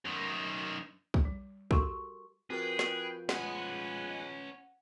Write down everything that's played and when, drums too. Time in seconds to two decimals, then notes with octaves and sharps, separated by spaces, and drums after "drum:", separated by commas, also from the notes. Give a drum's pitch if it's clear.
0.05 F#2 D#3
1.14 drum: kick
1.25 G3
1.71 F#4 G4 A4 A#4 C6 C#6, drum: kick
2.50 F3 C4 F#4 G#4 A#4 B4 G5
2.79 drum: snare
3.29 G#3 C#4 B4 F#5 G#5 F#6, drum: snare